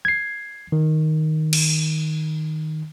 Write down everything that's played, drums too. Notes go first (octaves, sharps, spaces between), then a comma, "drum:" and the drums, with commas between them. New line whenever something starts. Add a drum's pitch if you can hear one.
G#6 C7
D#3
drum: cymbal